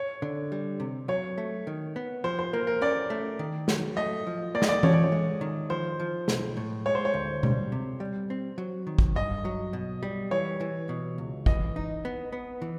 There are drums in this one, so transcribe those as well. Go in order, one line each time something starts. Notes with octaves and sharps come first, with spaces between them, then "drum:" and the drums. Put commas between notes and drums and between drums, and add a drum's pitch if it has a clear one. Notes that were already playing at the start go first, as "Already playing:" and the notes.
Already playing: C#5
D3
G3
C3
F#3 C#5
A3
D#3
B3
F3 C5
C5
A#3 A#4
A#4
C#4 D5
A3
D#3
F#3, drum: snare
A3 D#5
F3
A#3 D5
D#5, drum: snare
D5
F3 C#5, drum: tom E3
D5
C#5
G#3
D#3
F3 C5
F3
B1, drum: snare
A2
G#3 C#5
C5
C#5
D2
G3, drum: tom B2
C3
G3
C4
F#3
D#3
drum: kick
G2 D#5
F#3
B2
G3
E3 C#5
E3
B2
C#2
E3 D#5, drum: kick
D#4
B3
B3
E3